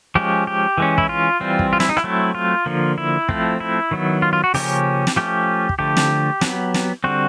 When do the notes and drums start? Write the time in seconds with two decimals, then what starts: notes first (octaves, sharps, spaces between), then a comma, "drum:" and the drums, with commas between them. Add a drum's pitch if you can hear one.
0.15 F3 G#3 C#4 G4
0.47 G4
0.78 E3 G#3 C#4
0.98 E4, drum: kick
1.09 F4
1.40 E3 G3 C4
1.59 drum: kick
1.73 F4
1.80 E4, drum: snare
1.89 D#4
1.97 E4, drum: rim click
2.04 F#3 A3 C4
2.35 F4
2.66 D3 F3 A#3
2.98 E4
3.29 F3 A3 C4, drum: kick
3.60 E4
3.91 D#3 F#3 B3
4.22 F4
4.33 F4
4.44 F#4
4.54 C#3 F3 A#3 C#4 G4, drum: open hi-hat
5.07 drum: snare
5.16 F3 A3 C#4 G4
5.69 drum: kick
5.79 D3 F3 A3 G4
5.97 drum: snare
6.41 F#3 B3, drum: snare
6.74 drum: snare
7.04 D3 G3 C4 F#4